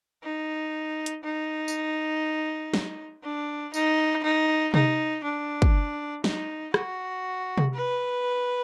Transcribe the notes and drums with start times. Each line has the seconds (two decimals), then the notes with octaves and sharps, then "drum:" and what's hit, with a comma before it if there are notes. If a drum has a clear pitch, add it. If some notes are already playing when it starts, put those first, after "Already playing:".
0.24 D#4
1.06 drum: hi-hat
1.24 D#4
1.68 drum: tambourine
2.74 drum: snare
3.23 D4
3.74 D#4, drum: tambourine
4.24 D#4
4.74 D#4, drum: tom C3
5.24 D4
5.62 drum: kick
6.24 D#4, drum: snare
6.74 F#4, drum: rim click
7.58 drum: tom C3
7.74 B4